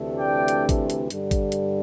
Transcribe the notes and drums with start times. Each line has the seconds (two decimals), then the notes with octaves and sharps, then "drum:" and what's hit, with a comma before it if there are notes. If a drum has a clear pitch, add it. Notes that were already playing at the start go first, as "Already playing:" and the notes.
Already playing: D2 C3 E3 A3 D4
0.17 D5 G5
0.48 drum: hi-hat
0.69 drum: kick, hi-hat
0.90 drum: hi-hat
1.10 G2 D3 G3, drum: hi-hat
1.31 drum: kick, hi-hat
1.52 drum: hi-hat